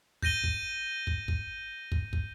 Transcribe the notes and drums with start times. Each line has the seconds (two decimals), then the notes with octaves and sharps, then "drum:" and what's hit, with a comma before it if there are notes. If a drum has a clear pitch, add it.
0.22 G6 A#6 D#7 G7, drum: kick
0.44 drum: kick
1.07 drum: kick
1.28 drum: kick
1.92 drum: kick
2.13 drum: kick